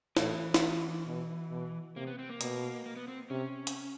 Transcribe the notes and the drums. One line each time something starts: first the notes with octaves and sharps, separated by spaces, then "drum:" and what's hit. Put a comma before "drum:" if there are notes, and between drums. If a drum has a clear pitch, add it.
A2 E3, drum: snare
drum: snare
B2
B2
C3 A#3
B3
C4
A#3
B2, drum: hi-hat
A#3
B3
C4
C3 C#4
drum: hi-hat